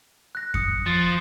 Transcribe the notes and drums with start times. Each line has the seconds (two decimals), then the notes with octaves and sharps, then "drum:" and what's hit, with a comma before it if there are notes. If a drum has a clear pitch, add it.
0.35 F#6 A#6
0.54 D#6 C#7, drum: kick F2
0.86 F3 A6